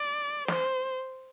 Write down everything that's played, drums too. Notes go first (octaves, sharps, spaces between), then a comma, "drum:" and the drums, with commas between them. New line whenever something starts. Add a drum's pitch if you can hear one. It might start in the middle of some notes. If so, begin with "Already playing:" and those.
Already playing: D5
C5, drum: snare